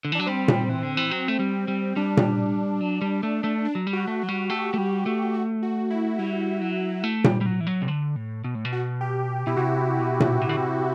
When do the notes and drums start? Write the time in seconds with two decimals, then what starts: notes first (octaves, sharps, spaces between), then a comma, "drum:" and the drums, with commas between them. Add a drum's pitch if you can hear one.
0.05 D3
0.12 E3
0.15 F#3 D4
0.26 G3 C4
0.48 drum: tom A#2
0.69 E3
0.83 D3
0.97 E3
1.11 F#3
1.28 A3
1.40 G3
1.68 G3
1.96 G3 D4
2.17 drum: tom A#2
2.81 F#3
3.02 G3
3.23 A3
3.44 A3
3.65 D4
3.75 F#3
3.87 G3
3.93 F#4
4.08 A3
4.22 F#3 F#4
4.29 G3
4.50 A3 G4
4.74 A3
4.78 G3
5.06 A3
5.34 F#4
5.63 F#4
5.90 E4
6.19 G3 E4
6.61 F#3
7.04 A3
7.24 G3, drum: tom A#2
7.41 G3
7.46 F#3
7.60 E3
7.67 F#3
7.82 C3
7.88 D3
8.16 A2
8.44 B2
8.55 A2
8.65 B2
8.73 F#4
9.01 G4
9.47 B2 E4
9.56 C3 F#4
9.99 B2
10.20 drum: tom A#2
10.42 C3
10.49 D3
10.57 C3